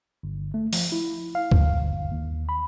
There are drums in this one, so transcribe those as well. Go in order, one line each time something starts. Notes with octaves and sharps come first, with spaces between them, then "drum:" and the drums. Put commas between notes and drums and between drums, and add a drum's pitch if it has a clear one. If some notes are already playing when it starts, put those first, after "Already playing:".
G1
A3
F3, drum: open hi-hat
E4
F5
drum: kick C#2
G1
D#2
B5